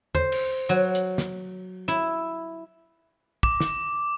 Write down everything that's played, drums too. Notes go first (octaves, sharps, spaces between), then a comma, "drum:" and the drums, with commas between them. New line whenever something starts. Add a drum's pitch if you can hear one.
C5, drum: tom
drum: cymbal
F#3
drum: hi-hat
drum: snare
E4
D6, drum: kick
drum: snare